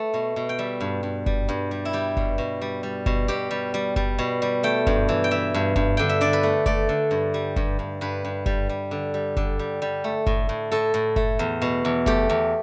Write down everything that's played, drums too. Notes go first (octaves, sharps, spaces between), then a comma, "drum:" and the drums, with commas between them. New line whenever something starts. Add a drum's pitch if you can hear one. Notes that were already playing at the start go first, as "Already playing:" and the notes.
Already playing: A3 B4
B2
B2
G5
G3 E5
G2
G2
G3, drum: kick F#1
G2
G3
E4
G3 G4
B2, drum: kick F#1
B2
G3
G3
B2, drum: kick F#1
B2 G4
G3
G3
G3, drum: kick F#1
B2
G3
A3 G5
G2, drum: kick F#1
E3
G5
E3 E5
G2
G2, drum: kick F#1
D3 G5
E5
D3 D5
B4
A3
A3 D5, drum: kick F#1
D3
G2
G3
G2, drum: kick F#1
G2
G2 B4
G2
G3, drum: kick F#1
G3
D3
G3
D3, drum: kick F#1
G3
G3
A3
A2, drum: kick F#1
A2
A2 A4
A2
A3, drum: kick F#1
E2
B2
E2
A3 G4, drum: kick F#1
E2